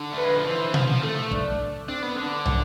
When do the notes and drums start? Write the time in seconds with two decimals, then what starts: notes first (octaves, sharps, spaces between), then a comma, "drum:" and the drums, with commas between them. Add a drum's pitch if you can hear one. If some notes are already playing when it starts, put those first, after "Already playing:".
Already playing: D3
0.12 A3
0.17 B4
0.24 G#3
0.35 F3
0.45 E3 C5
0.74 F3, drum: tom B2
0.88 F3
1.02 A3 A4
1.31 D4, drum: kick
1.88 C4 D4
2.03 B3
2.16 D3 D4
2.46 drum: tom